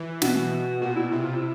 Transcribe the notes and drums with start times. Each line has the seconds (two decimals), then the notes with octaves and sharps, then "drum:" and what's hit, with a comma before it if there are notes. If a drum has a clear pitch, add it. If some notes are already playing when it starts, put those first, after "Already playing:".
Already playing: E3
0.22 B2 F#4, drum: snare
0.82 A#2 F#4
0.96 E4
1.11 C3 E4
1.23 F4
1.34 E4